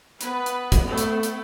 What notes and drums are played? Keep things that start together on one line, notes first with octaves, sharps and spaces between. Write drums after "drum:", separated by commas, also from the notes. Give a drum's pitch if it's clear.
B3 B4, drum: hi-hat
drum: hi-hat
drum: kick, hi-hat
A3 E4
drum: hi-hat
drum: hi-hat